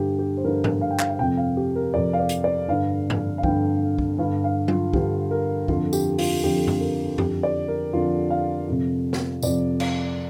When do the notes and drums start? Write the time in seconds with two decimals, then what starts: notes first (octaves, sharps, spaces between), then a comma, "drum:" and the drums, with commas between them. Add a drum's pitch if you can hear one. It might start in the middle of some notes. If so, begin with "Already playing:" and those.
Already playing: G2 D3 G4
0.19 G4
0.37 C5
0.44 G2 D3 A#4
0.64 drum: tom G#2
0.81 F5
0.91 G5
0.99 F5, drum: clap
1.10 F5
1.19 F2 C3 G5
1.37 F5
1.57 G4
1.76 A#4
1.94 F2 C3 D5
2.13 F5
2.19 D5
2.29 drum: hi-hat
2.44 D5
2.68 G2 D3 F5
3.10 drum: tom G#2
3.38 F5
3.43 G2 D3 G5, drum: kick
3.98 drum: kick
4.19 G2 D3 F5
4.44 F5
4.68 F4, drum: tom F#3
4.93 G2 D3 G4, drum: kick
5.31 A#4
5.68 F2 D3 F4, drum: kick
5.93 G4, drum: tambourine
6.19 F4, drum: open hi-hat
6.43 F2 D3 G4
6.67 drum: tom F#2
6.80 A#4
7.18 F2 D3 G4, drum: tom F#2
7.43 D5
7.68 A#4
7.93 F2 D3 F4
8.30 F5
8.67 F2 C3
9.13 drum: snare
9.42 F2 C3 D5, drum: tambourine
9.80 F5, drum: cymbal